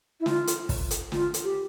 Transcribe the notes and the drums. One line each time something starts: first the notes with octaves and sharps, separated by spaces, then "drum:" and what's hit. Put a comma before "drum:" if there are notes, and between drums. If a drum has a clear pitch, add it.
E4
F4, drum: snare
drum: hi-hat
drum: kick, open hi-hat
drum: hi-hat
F4, drum: snare
drum: hi-hat
G4